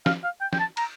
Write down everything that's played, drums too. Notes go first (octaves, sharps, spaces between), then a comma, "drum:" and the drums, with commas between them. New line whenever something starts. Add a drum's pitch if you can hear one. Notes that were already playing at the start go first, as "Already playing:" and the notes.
F5, drum: snare
F5
G5
G5, drum: snare
A5
A#5, drum: cymbal